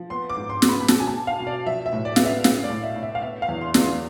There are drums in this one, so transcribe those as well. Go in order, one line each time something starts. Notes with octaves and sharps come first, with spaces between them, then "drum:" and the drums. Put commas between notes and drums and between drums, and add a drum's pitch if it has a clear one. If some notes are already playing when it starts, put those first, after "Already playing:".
Already playing: F3
B3 C6
D6
G#2
C6
B3 C6, drum: snare
B5
B5
B2 A5, drum: snare
G#5
A5
B2
F5
B2
D5
F3 E5
E5
A2
D5
B3 F5, drum: snare
E5
A2 F5, drum: snare
D5
A2
E5
A2
E5
F5
B3 E5
F5
E2
C6
E2, drum: snare
C6